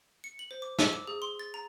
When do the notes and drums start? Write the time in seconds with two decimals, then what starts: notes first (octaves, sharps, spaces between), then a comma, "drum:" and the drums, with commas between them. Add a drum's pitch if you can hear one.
0.24 C#7
0.39 F#7
0.51 C5
0.62 D6
0.79 E6, drum: snare
0.93 D6
1.07 G#4
1.22 C6
1.39 A6
1.54 A#5